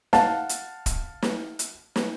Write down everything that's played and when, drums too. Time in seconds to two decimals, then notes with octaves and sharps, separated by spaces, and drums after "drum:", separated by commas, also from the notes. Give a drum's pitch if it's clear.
0.13 F5 F#5 A5, drum: snare
0.49 drum: hi-hat
0.86 drum: kick, hi-hat
1.22 drum: snare
1.59 drum: hi-hat
1.96 drum: snare